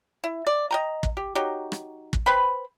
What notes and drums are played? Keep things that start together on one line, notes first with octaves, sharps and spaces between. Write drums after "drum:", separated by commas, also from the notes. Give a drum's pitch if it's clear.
E4
D5
D#5 G5 A#5
drum: kick
G4
F#3 D#4 G4
drum: rim click
drum: kick
B4 C5 G5 B5